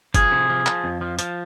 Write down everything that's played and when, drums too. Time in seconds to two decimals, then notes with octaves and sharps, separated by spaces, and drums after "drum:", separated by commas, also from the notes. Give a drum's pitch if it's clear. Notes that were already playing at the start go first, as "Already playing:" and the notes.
0.14 F3 G#4, drum: kick, hi-hat
0.32 C3
0.50 F3
0.66 F3, drum: clap
0.84 F2
1.01 F3
1.19 F3, drum: hi-hat